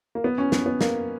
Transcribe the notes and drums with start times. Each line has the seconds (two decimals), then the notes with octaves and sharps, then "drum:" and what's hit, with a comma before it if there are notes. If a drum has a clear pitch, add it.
0.15 A#3
0.24 B3
0.38 C#4
0.52 B3, drum: snare
0.66 B3
0.81 A#3, drum: snare